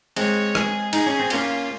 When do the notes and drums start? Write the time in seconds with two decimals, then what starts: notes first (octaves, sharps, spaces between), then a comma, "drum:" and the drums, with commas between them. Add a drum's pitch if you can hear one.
0.16 G#3 C4 C#5, drum: cymbal
0.55 G#4, drum: rim click
0.93 D#4 G#4, drum: cymbal
1.07 C#4
1.20 C4
1.30 A#3 C#4 F4, drum: cymbal